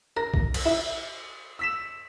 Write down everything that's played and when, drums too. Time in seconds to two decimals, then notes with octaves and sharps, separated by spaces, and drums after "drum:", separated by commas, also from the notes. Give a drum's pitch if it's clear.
0.17 A#4 A#6
0.34 drum: kick A#1
0.54 drum: cymbal
0.66 E4
1.59 E6 B6 E7